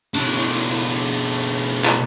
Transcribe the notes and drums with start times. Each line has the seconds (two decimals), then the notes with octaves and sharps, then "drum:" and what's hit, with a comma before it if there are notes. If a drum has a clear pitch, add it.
0.14 B2 D4, drum: cymbal
0.71 drum: hi-hat
1.85 drum: clap